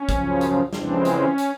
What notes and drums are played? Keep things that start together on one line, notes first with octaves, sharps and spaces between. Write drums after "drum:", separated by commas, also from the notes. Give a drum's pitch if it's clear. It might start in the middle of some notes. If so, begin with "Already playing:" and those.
Already playing: C#4
F#2 C#3 F3, drum: kick, hi-hat
drum: hi-hat
F2 C#3 E3 G#3 C4 D4, drum: snare
C#4, drum: hi-hat
drum: hi-hat